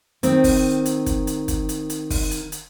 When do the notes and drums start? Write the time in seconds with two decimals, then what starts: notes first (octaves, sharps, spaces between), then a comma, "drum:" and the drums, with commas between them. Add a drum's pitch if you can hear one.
0.23 D#3 C4, drum: hi-hat
0.44 drum: kick, open hi-hat
0.85 drum: hi-hat
1.06 drum: kick, hi-hat
1.27 drum: hi-hat
1.48 drum: kick, hi-hat
1.69 drum: hi-hat
1.90 drum: hi-hat
2.10 drum: kick, open hi-hat
2.31 drum: hi-hat
2.52 drum: hi-hat